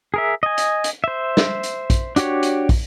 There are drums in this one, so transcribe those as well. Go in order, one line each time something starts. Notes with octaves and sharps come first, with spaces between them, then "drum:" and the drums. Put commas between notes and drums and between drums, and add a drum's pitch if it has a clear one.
G#4 A#4 E5
D#5 G#5
drum: hi-hat
drum: hi-hat
C5 E5
drum: snare
drum: hi-hat
drum: kick, hi-hat
D4 F#4 G4 C#5, drum: hi-hat
drum: hi-hat
drum: kick, open hi-hat